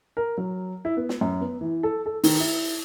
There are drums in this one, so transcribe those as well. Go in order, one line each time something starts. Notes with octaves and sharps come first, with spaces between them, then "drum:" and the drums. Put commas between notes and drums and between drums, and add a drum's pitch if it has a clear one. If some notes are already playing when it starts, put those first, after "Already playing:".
A#4
F#3
E4
B3
drum: snare
F#2
B3
E3
A4
A4
D#3, drum: open hi-hat
E4